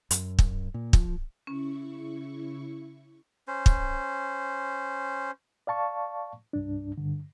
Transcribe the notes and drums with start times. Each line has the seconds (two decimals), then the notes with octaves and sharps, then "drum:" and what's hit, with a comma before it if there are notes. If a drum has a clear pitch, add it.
0.11 F#2, drum: hi-hat
0.39 drum: kick
0.74 A#2
0.93 F3, drum: kick
1.47 C#3 C#4 E4 C#6
3.48 C#4 C5
3.66 drum: kick
5.67 D5 F5 A5 C#6
6.53 C2 G2 D4
6.98 G2 D3